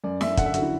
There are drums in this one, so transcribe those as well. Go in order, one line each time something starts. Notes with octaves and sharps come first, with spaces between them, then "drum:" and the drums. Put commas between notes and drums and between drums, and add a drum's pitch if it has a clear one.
F#2 D5
F#2 E5, drum: snare
D3 F#5, drum: kick, hi-hat
E5
D3 F#4, drum: hi-hat
E4